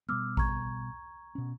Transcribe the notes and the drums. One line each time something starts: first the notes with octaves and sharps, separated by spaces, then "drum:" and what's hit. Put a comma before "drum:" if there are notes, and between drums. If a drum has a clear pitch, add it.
B2 G3 B3 D6 E6 F6
A#5 C#6 G#6, drum: kick A1
B2 C#4